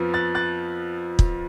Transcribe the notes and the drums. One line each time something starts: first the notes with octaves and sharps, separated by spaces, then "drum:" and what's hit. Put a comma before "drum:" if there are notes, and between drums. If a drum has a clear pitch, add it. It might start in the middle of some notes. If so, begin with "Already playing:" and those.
Already playing: F2 F3 B3
F#6 A6
F#6 A6
drum: kick